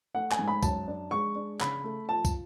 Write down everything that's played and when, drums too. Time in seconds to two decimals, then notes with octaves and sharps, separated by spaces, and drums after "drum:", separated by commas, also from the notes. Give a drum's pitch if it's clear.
0.14 A3 F#5
0.31 G#5, drum: clap
0.39 G#2
0.48 B5
0.63 F#2 A5, drum: kick, tambourine
0.88 D4
1.11 G#3 C#6
1.35 D4
1.61 C#3 B5, drum: clap
1.84 A3
2.09 F3 A5
2.25 drum: kick, tambourine